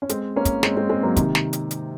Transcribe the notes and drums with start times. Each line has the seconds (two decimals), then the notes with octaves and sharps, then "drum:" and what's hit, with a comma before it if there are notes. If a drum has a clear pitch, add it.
0.02 C#4
0.09 G#3 C4, drum: hi-hat
0.36 A#3 C#4
0.45 drum: kick, hi-hat
0.63 G#3 C4, drum: snare
0.77 G#3 C4
0.89 G#3 C4
1.03 F#3 A#3
1.16 C3 D#3, drum: kick, hi-hat
1.35 drum: snare
1.53 drum: hi-hat
1.71 drum: hi-hat